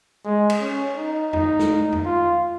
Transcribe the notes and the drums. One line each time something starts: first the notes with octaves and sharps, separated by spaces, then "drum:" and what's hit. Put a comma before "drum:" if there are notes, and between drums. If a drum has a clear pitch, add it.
G#3
drum: cymbal
C#4
D#4
D#4, drum: tom F2
drum: snare
drum: tom F2
F4